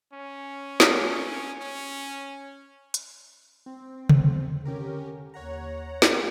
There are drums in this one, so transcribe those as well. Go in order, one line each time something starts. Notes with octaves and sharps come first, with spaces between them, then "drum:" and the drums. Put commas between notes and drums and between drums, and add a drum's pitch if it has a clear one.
C#4
drum: snare
C#4
drum: hi-hat
C4
E2, drum: tom C3
D3 C#4 G4 A#4
D#2 C#5 F#5 A#5
drum: snare